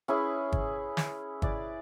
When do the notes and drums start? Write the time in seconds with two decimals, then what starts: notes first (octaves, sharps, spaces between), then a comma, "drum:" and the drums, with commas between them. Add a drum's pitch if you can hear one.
0.08 C#4 E4 G#4 B4
0.52 drum: kick
0.97 drum: snare
1.42 E4 G#4 B4 D5, drum: kick